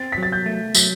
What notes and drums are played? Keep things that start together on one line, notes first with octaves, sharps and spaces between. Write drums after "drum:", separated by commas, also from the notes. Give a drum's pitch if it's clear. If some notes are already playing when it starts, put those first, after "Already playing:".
Already playing: C4 A6
B6
F#3 A6
G6
A3
F#3 B6, drum: tambourine